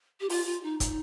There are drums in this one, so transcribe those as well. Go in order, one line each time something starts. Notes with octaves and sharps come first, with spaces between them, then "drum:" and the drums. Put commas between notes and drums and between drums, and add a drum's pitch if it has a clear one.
G4
F4, drum: open hi-hat
F4
D#4
D#4, drum: kick, hi-hat